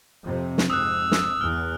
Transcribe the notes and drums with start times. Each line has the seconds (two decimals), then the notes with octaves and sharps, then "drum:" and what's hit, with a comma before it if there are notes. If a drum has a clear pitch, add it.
0.24 F2 C3
0.58 drum: snare
0.70 F2 G#2 D#6 E6 F#6
1.12 drum: snare
1.41 E2 F6